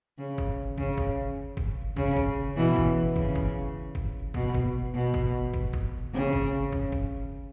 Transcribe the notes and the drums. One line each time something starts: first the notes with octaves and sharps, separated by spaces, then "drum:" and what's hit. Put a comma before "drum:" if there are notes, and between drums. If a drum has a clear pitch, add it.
C#3
drum: kick
C#3, drum: kick
drum: kick
drum: kick
C#3, drum: kick
drum: kick
B2 E3
drum: kick
C#3, drum: kick
drum: kick
drum: kick
B2, drum: kick
drum: kick
B2
drum: kick
drum: kick
drum: kick
C#3
drum: kick
drum: kick
drum: kick